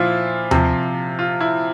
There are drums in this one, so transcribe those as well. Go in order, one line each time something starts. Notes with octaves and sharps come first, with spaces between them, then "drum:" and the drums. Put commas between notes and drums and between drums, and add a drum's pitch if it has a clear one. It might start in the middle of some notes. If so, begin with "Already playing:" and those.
Already playing: A#2 F3 E4 F4
C3 F3, drum: tom D#2
F4
E4